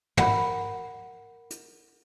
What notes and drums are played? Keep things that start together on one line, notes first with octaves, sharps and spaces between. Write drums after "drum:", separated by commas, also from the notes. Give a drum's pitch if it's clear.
A#4 F#5 B5, drum: tom
drum: hi-hat